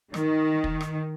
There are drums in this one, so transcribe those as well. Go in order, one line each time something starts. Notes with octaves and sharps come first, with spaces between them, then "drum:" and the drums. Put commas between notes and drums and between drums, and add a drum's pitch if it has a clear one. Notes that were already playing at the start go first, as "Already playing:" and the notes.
D#3, drum: rim click
drum: kick
drum: rim click